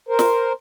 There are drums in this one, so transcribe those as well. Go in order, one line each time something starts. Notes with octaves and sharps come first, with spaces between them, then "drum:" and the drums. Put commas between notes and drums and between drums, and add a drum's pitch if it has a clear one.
A#4 C5
drum: snare